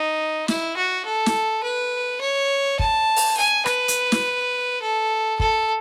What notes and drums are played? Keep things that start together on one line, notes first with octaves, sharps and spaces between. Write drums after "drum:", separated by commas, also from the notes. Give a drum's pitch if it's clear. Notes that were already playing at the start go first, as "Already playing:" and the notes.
Already playing: D#4
E4, drum: snare
F#4
A4
drum: snare
B4
C#5
A5, drum: kick
drum: open hi-hat
G#5
B4, drum: rim click
drum: hi-hat
drum: snare
A4
A4, drum: kick